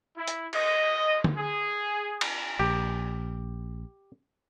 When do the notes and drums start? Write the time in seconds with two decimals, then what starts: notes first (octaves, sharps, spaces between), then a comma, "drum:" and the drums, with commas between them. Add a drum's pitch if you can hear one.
0.16 E4
0.28 drum: hi-hat
0.53 D#5, drum: cymbal
1.24 drum: tom D3
1.36 G#4
2.21 drum: cymbal
2.60 A#1 G4